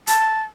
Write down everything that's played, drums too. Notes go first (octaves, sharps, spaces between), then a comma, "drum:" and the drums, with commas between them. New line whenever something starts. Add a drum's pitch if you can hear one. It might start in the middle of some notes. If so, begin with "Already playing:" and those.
A5, drum: hi-hat